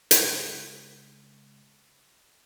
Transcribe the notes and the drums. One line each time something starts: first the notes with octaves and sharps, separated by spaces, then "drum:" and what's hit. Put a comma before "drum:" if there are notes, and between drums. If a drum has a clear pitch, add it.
C#3 G#3, drum: hi-hat